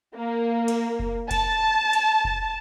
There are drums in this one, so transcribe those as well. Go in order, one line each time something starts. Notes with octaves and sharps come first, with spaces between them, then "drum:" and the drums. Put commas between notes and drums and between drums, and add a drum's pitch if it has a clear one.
A#3
drum: cymbal
drum: kick F1
A5, drum: kick F1, cymbal
drum: cymbal
drum: kick F1